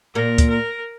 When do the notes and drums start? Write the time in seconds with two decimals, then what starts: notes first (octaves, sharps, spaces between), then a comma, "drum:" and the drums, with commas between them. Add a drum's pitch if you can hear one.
0.15 A#2 A#3 A#4
0.38 drum: kick, hi-hat
0.50 A#4